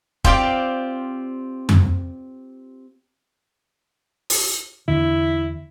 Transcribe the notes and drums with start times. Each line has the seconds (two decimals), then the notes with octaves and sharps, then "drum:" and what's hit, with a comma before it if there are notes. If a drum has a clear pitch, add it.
0.24 C4 F4 G4 D5 F5, drum: kick
1.69 drum: tom F2
4.30 drum: open hi-hat
4.88 E2 D3 E4